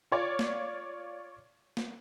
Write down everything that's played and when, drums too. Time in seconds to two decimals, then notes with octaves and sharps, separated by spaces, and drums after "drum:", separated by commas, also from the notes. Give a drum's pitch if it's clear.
0.12 F4 C#5 D5
0.39 drum: snare
1.77 drum: snare